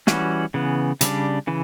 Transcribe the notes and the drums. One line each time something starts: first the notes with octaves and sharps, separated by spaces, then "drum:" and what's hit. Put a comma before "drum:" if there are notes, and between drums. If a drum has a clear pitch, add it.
E3 G3 C#4 F#4, drum: snare
C#3 E3 B3
C#3 G3 D4, drum: hi-hat
C#3 E3